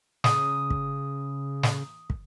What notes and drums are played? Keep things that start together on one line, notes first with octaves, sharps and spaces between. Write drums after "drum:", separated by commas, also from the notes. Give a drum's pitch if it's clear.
C#3 D#6, drum: snare
drum: kick
drum: snare
drum: kick